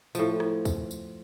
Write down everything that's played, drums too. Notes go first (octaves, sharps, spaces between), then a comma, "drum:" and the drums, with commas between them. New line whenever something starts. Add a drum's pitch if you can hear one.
A2 F3, drum: tambourine
drum: rim click
drum: kick, tambourine
drum: tambourine